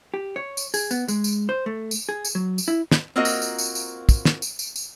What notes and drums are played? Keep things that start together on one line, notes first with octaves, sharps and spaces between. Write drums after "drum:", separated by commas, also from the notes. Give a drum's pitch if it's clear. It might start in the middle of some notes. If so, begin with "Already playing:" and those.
G4
C#5
drum: tambourine
G#4, drum: tambourine
B3, drum: tambourine
G#3, drum: tambourine
drum: tambourine
C5
A3
drum: tambourine
G#4
drum: tambourine
F#3
drum: tambourine
E4
drum: snare
A#3 C4 F4 F#4 A#4 D#5
drum: tambourine
drum: tambourine
drum: tambourine
drum: tambourine
drum: kick, tambourine
drum: snare
drum: tambourine
drum: tambourine
drum: tambourine